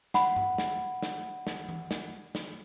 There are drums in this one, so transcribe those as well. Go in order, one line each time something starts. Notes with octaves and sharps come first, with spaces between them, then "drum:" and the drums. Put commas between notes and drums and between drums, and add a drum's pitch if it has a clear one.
F#5 B5, drum: snare
drum: tom G2
drum: snare
drum: snare
drum: snare
drum: tom E3
drum: snare
drum: snare